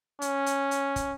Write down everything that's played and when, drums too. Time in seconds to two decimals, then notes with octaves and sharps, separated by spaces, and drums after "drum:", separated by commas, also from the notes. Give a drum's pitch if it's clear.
0.22 C#4, drum: hi-hat
0.46 drum: hi-hat
0.71 drum: hi-hat
0.96 drum: kick, hi-hat